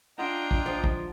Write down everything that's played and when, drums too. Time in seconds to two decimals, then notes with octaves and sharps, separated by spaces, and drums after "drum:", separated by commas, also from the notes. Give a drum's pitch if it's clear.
0.18 D4 F4 D#5 F#5 G5 A#5 C6 D7
0.51 drum: kick A#1
0.66 F3
0.84 drum: kick A#1